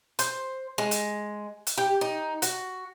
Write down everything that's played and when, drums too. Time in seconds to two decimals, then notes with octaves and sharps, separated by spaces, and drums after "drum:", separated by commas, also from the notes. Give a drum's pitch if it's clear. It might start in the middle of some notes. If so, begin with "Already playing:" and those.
0.19 C5, drum: hi-hat
0.78 G#3
0.91 drum: hi-hat
1.67 drum: hi-hat
1.77 G4
2.01 D#4
2.42 F#4, drum: hi-hat